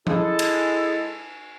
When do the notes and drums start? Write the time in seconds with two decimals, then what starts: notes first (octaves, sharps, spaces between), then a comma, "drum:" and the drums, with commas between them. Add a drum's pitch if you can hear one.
0.07 G#3 E4 G#4 A4, drum: tom F3
0.39 drum: cymbal